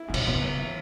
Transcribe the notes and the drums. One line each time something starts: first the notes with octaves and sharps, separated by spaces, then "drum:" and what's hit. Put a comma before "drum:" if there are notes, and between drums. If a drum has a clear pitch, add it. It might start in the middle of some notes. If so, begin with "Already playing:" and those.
Already playing: E4
G#2 C#3
B2, drum: cymbal
B2 B3
C#3
F#3
E3 E4